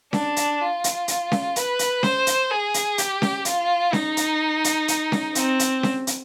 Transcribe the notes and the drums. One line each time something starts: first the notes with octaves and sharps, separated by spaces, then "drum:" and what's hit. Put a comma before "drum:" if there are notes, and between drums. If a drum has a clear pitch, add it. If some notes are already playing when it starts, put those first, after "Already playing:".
D4, drum: snare C#4
drum: hi-hat
F4
drum: hi-hat
drum: hi-hat
drum: snare C#4
B4, drum: hi-hat
drum: hi-hat
C5, drum: snare C#4
drum: hi-hat
G#4
drum: hi-hat
G4, drum: hi-hat
drum: snare C#4
F4, drum: hi-hat
D#4, drum: snare C#4
drum: hi-hat
drum: hi-hat
drum: hi-hat
drum: snare C#4
C4, drum: hi-hat
drum: hi-hat
drum: snare C#4
drum: hi-hat